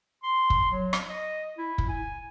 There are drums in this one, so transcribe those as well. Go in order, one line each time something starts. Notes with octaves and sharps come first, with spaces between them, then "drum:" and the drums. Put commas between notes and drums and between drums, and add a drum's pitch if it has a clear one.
C6
drum: kick
F#3
drum: rim click
D#5
E4
drum: kick
G#5